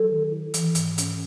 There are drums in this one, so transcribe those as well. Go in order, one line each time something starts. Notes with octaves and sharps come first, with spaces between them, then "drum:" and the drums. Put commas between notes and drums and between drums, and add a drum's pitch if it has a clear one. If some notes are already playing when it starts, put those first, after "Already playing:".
Already playing: F#3 A4
D#3
E4
E3, drum: hi-hat
G#2, drum: hi-hat
C#4, drum: hi-hat